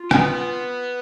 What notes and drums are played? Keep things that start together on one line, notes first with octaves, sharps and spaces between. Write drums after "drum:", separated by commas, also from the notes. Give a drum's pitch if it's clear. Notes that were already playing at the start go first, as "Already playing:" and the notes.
Already playing: F4
B3, drum: rim click